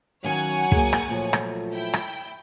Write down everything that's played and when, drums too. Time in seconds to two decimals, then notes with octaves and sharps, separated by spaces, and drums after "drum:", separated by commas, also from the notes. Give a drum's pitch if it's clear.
0.24 D#3 F#3 C#4 C#5 F5 F#5 G#5
0.72 A#3 G#4, drum: kick
0.93 drum: rim click
1.09 A#2 F3 F#3 A3
1.33 drum: rim click
1.73 E4 G5
1.93 drum: rim click